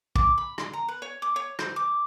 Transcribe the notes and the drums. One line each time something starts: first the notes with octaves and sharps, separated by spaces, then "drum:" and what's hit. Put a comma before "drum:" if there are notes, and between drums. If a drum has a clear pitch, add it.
D6, drum: kick
B5
C6, drum: rim click
A#5
B4
C#5
D6
C#5
C5, drum: rim click
D6